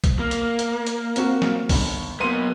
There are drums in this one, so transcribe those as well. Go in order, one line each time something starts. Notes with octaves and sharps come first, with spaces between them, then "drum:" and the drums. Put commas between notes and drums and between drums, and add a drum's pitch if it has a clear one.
drum: kick A#1, hi-hat
A#3
drum: hi-hat
drum: hi-hat
drum: hi-hat
C4 F#4 A#4, drum: hi-hat
drum: snare
G1 D#2, drum: kick A#1, open hi-hat
F#3 A#3 B3 C6 D#7